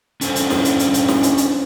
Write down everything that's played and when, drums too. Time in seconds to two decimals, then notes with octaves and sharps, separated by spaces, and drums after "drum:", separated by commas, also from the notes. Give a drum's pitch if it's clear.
0.21 C#4 D4 A4 C5, drum: hi-hat
0.36 drum: hi-hat
0.50 drum: snare
0.65 drum: hi-hat
0.79 drum: hi-hat
0.94 drum: hi-hat
1.08 drum: snare
1.23 drum: hi-hat
1.38 drum: hi-hat